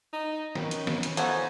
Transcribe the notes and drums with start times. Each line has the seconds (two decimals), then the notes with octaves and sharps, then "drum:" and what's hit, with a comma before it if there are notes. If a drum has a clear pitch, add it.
0.13 D#4
0.55 D#3 C#4 D#4 B4, drum: snare
0.71 drum: hi-hat
0.87 drum: snare
1.03 drum: hi-hat
1.17 B3 D#4 F4 A4 C5 C#5 F#5 G#5, drum: hi-hat